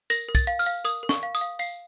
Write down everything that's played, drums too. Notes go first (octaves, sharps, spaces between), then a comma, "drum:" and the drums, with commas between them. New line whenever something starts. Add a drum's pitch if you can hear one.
A#4 A#6, drum: tambourine
A#4
A6, drum: kick, tambourine
F5
F6, drum: tambourine
F5
A#4 D#6, drum: tambourine
A#4
C#6, drum: snare
F5
D#6, drum: tambourine
F5
F5 C7, drum: tambourine